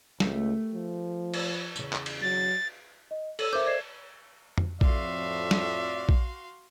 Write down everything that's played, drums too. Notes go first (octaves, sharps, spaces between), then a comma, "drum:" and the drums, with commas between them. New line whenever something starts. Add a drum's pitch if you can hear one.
C#2 A3 G4 A#4, drum: snare
F3
drum: cymbal
E2 C#3, drum: tambourine
drum: clap
drum: cymbal
F#3 A6
D#5
A4 C#5 E6 D#7 F#7, drum: cymbal
A#4 C5 E5 D6 G6
D5 D#5 G#6 C7 E7
drum: tom F2
F2 A2 F#4 D5 E5 F5 C6, drum: kick A#1
drum: snare
drum: kick A#1